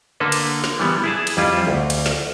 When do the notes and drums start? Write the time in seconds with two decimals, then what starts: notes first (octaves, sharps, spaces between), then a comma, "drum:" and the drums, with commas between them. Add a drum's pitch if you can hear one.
0.20 D3 A#3 A4 B4
0.32 drum: cymbal
0.64 drum: snare
0.79 E3 G3 B3
1.04 E4 G#4 A5
1.27 drum: cymbal
1.37 F2 G3 E4 F4
1.67 D2
1.90 drum: cymbal
2.06 drum: snare